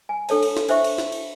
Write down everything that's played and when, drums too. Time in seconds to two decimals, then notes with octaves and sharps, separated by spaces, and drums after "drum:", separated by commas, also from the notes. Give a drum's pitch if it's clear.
0.09 G#5
0.29 D4 A4 C#5 A5, drum: cymbal
0.43 drum: cymbal
0.57 drum: snare
0.69 D4 C5 E5 C#6, drum: cymbal
0.84 drum: cymbal
0.98 drum: snare
1.12 drum: cymbal